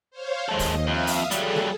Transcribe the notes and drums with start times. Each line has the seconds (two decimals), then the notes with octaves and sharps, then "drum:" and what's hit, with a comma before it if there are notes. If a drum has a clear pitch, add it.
0.11 C5 C#5 F5
0.49 D#2 G#3 A4 D#5
0.59 drum: kick, open hi-hat
0.87 F2 E5 F5 D#6
1.07 drum: open hi-hat
1.31 F#3 G3 G#4 A4, drum: hi-hat
1.55 drum: snare